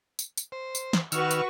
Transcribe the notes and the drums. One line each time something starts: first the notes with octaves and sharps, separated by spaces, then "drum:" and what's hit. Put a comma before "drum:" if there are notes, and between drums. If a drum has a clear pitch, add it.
drum: tambourine
drum: tambourine
C5
drum: tambourine
drum: snare
D#3 F#4 B4 C#6 E6 F6, drum: tambourine
drum: tambourine